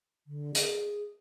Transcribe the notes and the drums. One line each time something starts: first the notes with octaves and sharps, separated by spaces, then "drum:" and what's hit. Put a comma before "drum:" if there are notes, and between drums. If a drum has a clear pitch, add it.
D3
G#4, drum: hi-hat